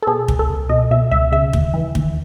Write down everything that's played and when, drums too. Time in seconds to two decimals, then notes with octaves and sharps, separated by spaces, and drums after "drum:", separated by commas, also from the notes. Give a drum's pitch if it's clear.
0.02 A4
0.07 B2 G#4
0.28 C#2, drum: kick
0.39 A4
0.49 C#2
0.69 B2 D#5
0.91 B2 E5
1.11 C#2 E5
1.32 C#3 E5
1.53 D#2, drum: kick
1.74 E3
1.95 D#2, drum: kick